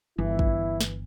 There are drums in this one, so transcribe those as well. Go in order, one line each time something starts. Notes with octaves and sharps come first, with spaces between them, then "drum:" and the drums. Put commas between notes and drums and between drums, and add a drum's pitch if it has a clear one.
G1 E3 E4
drum: kick
drum: snare